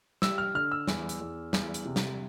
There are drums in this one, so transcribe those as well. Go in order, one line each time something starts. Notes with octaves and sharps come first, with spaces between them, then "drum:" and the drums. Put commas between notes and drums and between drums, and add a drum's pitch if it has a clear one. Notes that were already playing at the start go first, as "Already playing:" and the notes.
G3 E6, drum: snare
F6
D3 F6
E6
E2, drum: snare
drum: hi-hat
E2
E2, drum: snare
drum: hi-hat
C3
drum: snare